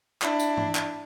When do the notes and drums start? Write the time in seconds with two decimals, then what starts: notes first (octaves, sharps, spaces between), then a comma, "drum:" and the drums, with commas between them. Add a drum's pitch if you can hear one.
0.22 D4 E4, drum: clap
0.40 drum: tambourine
0.57 drum: tom G#2
0.75 drum: clap